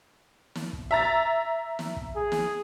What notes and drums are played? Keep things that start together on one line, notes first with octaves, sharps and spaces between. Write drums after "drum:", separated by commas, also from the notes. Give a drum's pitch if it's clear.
drum: snare
drum: kick
E5 A#5 A6
drum: snare
drum: kick
G#4
drum: snare